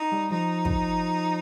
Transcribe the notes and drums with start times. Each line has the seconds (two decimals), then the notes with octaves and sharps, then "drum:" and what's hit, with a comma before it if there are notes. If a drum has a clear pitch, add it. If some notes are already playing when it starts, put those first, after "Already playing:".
Already playing: D#4
0.12 G3
0.31 F3 D#4
0.65 drum: kick